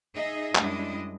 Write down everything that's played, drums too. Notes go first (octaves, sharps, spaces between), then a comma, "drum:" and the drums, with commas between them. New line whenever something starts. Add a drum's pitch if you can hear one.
D#4 G#4 D#5 E5
F#2 G3 G#3 D4 E4 D#5, drum: clap